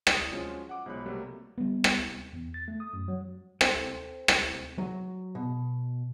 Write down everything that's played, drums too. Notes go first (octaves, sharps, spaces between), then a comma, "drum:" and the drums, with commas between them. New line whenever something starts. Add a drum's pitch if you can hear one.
D5 D#6, drum: rim click
F3 F#3 G#3 C#4 F4
F#5 D6
B1 F3 G#3 C#5 B5 F#6
C3 F#3 G3 A3 A#3
G3 B3
drum: rim click
E2
A6
A3
D#6
F#2
F#3
C4 A4 C5 G5, drum: rim click
drum: rim click
F#3
B2